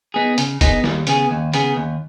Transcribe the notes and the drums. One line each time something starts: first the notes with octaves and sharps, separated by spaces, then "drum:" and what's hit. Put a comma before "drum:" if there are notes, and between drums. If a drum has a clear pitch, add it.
B3 D#4 G#4
C#3, drum: hi-hat
B3 D#4 G#4, drum: kick, hi-hat
D#2, drum: snare
C#3 B3 G#4, drum: hi-hat
D#2
C#3 B3 G#4, drum: hi-hat
D#2